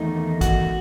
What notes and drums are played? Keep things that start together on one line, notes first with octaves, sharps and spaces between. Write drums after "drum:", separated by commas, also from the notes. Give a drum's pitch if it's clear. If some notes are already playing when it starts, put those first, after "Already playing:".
Already playing: E2 D#3 A3 D#4
F#4, drum: kick A1, hi-hat